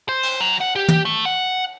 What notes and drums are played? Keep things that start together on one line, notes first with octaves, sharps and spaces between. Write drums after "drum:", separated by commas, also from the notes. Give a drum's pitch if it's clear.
C5
drum: cymbal
F#3
F#5
G4
drum: tom
A3
F#5